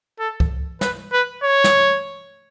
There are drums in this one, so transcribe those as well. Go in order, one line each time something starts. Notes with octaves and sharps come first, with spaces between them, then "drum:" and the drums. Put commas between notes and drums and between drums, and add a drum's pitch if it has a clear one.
A4
drum: kick C#2
B4, drum: snare
B4
C#5
drum: snare